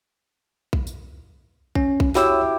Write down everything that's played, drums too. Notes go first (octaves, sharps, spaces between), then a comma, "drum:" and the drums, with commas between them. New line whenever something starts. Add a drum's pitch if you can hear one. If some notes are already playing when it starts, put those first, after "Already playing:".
drum: kick B1
drum: tambourine
C#4, drum: kick B1
drum: kick B1
E4 F#4 G4 C#5 E6, drum: snare